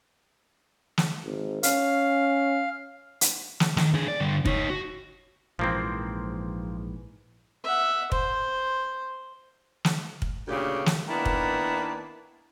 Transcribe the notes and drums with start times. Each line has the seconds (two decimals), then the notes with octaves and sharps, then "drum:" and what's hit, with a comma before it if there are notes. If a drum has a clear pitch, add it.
0.98 drum: snare
1.24 G#1
1.63 C#4 F5, drum: hi-hat
3.21 drum: hi-hat
3.60 drum: snare
3.77 D#3, drum: snare
3.94 D3 G#4
4.08 D5
4.20 D3 G3
4.46 D#4 C#5, drum: kick
4.70 F#4
5.59 A#1 G#2 E3 F3 A#3 C4
7.64 E5 F#5
8.12 C5, drum: kick
9.85 drum: snare
10.22 drum: kick
10.48 D2 A#2 C#3 G4
10.86 drum: snare
11.08 D#3 A#3 B3 D4 E4
11.26 drum: kick